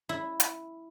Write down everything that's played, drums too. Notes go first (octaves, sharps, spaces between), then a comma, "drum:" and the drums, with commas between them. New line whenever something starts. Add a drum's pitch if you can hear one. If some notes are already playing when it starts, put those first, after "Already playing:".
E4
drum: hi-hat